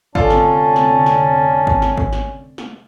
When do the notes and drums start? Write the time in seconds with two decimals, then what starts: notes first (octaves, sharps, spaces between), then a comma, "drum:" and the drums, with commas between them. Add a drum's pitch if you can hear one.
0.15 F1 D3 C4 C#4 F4 A4 D5 A5, drum: kick G#1
0.30 drum: snare
0.76 drum: snare
1.06 drum: snare
1.67 drum: kick G#1
1.82 drum: snare
1.97 drum: kick G#1
2.13 drum: snare
2.58 drum: snare